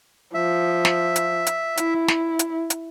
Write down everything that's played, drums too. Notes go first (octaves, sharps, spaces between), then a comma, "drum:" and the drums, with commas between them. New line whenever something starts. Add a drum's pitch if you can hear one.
F3 E5
drum: snare
drum: hi-hat
drum: hi-hat
E4, drum: hi-hat
drum: snare
drum: hi-hat
drum: hi-hat